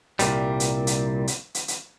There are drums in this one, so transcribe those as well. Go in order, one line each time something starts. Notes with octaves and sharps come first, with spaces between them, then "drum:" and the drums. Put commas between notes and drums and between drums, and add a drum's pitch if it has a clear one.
C2 A#2 G3, drum: hi-hat
drum: hi-hat
drum: hi-hat
drum: hi-hat
drum: hi-hat
drum: hi-hat